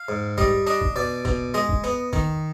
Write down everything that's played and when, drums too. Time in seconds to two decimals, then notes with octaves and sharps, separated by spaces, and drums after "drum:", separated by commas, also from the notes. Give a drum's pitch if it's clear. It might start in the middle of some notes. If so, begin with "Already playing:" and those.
Already playing: F5
0.09 G#2
0.38 G3 D#5, drum: kick, tambourine
0.67 D4 D#5, drum: tambourine
0.81 drum: kick
0.96 B2 D5
1.25 B2, drum: kick, tambourine
1.54 G#3 D#5, drum: tambourine
1.69 drum: kick
1.84 B3, drum: tambourine
2.13 D#3, drum: kick, tambourine